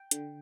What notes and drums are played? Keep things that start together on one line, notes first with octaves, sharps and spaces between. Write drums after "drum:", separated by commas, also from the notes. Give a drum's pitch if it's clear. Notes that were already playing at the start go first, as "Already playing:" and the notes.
Already playing: G5
D3, drum: hi-hat